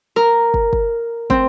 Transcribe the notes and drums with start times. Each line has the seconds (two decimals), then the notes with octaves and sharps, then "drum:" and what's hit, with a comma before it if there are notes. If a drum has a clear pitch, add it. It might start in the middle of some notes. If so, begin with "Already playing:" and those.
0.16 A#4
0.54 drum: kick
0.73 drum: kick
1.30 C4, drum: kick